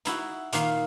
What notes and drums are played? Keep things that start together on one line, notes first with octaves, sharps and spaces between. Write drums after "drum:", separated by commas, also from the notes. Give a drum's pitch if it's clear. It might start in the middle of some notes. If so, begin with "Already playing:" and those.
D#4 E4 F#4, drum: hi-hat
A#2 D#3 A#3 F5, drum: hi-hat